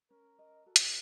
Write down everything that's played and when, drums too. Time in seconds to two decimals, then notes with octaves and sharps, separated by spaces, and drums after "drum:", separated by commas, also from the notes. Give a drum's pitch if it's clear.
0.10 C#4 A#4
0.39 D#5
0.66 F#4 A4
0.76 drum: hi-hat